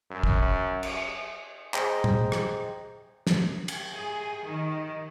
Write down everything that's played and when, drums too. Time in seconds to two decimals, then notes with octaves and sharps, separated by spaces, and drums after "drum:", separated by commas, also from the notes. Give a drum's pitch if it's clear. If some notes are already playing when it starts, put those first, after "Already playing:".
0.11 F#2
0.24 drum: kick
0.83 drum: cymbal
1.74 G#4 C5 D#5 G5 A#5, drum: clap
2.04 drum: tom
2.32 drum: rim click
3.27 drum: snare
3.68 drum: cymbal
3.94 G#4
4.46 D#3